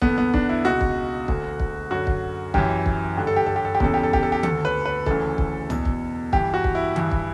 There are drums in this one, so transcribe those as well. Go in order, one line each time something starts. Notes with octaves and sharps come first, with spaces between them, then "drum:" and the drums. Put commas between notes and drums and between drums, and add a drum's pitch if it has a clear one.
E2 D3 B3, drum: kick
B3
D4, drum: kick
E4
C#2 B2 F#4
drum: kick
D2 D3, drum: kick
drum: kick
F#2 D3 F#4
drum: kick
F#2 E3 G4, drum: kick
drum: kick
G2 D3 G4
A4
G4
A4
G4
A4
G4
E2 C#3 E3 A4, drum: kick
G4
A4
G4, drum: kick
A4
G4
D2 D3 A4, drum: tom D#3
B4
B4
D2 C#3 E3 A4, drum: kick
drum: kick
E2 B2, drum: tom
drum: kick
G2 E3 G4, drum: kick
F#4
drum: kick
E4
G2 E3, drum: tom D#3
drum: kick